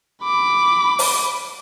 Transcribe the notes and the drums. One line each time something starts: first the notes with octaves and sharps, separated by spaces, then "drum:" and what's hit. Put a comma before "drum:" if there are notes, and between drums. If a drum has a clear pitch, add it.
B5 D6
drum: open hi-hat